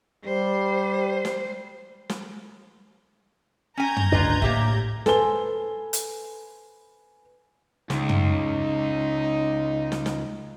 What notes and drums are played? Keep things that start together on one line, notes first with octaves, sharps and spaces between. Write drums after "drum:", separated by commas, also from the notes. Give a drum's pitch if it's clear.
G3 C5
drum: snare
drum: snare
C#4 G#5 A#5 G6 G#6
drum: tom
G#1 D2 D4 F4 B4 D#5
A2 A#3 G4 E5, drum: kick
A4 B4 C5 G#5 G7, drum: snare
drum: hi-hat
C#2 D#4, drum: snare
drum: tom
drum: snare
drum: snare